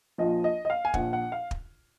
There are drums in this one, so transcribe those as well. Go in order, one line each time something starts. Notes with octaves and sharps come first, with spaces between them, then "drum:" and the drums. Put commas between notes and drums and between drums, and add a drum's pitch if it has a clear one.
A#1 A#2 F3 D#5
D#5
D#5
F5
G#5
A#1 A#2 F3 F#5, drum: kick
F#5
F5
drum: kick